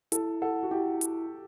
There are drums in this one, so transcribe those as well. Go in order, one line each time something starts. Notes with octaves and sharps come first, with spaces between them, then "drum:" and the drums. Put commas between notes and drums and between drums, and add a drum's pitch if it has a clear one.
E4 A4, drum: hi-hat
A4 F#5
F#4
E4 G4
drum: hi-hat